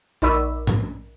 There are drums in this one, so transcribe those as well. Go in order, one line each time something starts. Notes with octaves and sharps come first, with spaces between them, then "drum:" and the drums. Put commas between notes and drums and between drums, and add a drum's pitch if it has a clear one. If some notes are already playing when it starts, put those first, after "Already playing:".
A#1 D#4 D5 B5 E6
drum: tom G#2